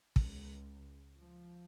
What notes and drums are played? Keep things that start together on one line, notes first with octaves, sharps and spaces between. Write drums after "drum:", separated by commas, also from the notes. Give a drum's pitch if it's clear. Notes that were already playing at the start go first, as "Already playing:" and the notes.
C#2, drum: kick
F3